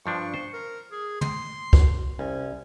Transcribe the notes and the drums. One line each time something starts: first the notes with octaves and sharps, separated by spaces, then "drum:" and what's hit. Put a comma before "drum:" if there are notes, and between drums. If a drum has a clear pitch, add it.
G2 F3 D4 C#6
C5
A#4
G#4
C6, drum: tom
drum: kick
C2 C#4